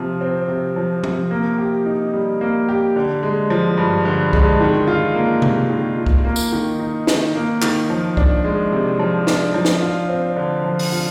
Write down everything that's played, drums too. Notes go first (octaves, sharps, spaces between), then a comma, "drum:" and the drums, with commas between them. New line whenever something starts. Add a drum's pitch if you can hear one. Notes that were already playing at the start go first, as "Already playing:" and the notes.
Already playing: C3 F3
C4
C3
F3
C3, drum: tom F3
A#3
G4
D#4
G3
A#3
G4
D3
G#3
F3
G2
D3
G#3, drum: kick C2
D#3
F4
A#3
C3, drum: tom C3
D#3
F4
drum: kick C2
A#3
drum: tambourine
D#3
D#4
D#3, drum: snare
A#3
D#3, drum: clap
F3
D4, drum: kick C2
G#3
C3
F3
D4, drum: snare
F3
drum: snare
F4
C4
D3
F3
drum: open hi-hat
F4